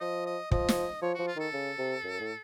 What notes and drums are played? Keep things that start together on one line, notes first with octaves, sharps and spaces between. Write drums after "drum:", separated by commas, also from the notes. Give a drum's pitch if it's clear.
F3 D#5
D#5
F3 D#5, drum: kick
drum: snare
F3 C#5
F3 F#4
F4
D#3 A4
C#3
C3
F#2
A2